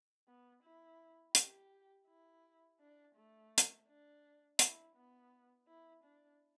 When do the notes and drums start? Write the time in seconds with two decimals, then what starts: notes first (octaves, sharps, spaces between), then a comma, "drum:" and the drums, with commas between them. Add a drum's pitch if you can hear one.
0.27 B3
0.63 E4
1.35 G4, drum: hi-hat
2.07 E4
2.80 D4
3.15 A3
3.58 drum: hi-hat
3.88 D4
4.59 E4, drum: hi-hat
4.96 B3
5.67 E4
6.03 D4